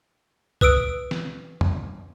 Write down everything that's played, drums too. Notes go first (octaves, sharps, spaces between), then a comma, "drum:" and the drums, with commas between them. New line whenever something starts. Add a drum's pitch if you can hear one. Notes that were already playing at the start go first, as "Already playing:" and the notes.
B4 D#6 E6 D7, drum: kick
drum: snare
drum: tom F2